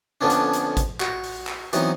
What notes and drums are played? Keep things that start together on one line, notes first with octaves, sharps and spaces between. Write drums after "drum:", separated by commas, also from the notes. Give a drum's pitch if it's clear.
F2 D3 F3 B3 C#4 D4
drum: hi-hat
drum: hi-hat
drum: kick G#1, hi-hat
F#4, drum: clap
drum: open hi-hat
drum: clap
E3 F#3 B3 C4 D#4, drum: hi-hat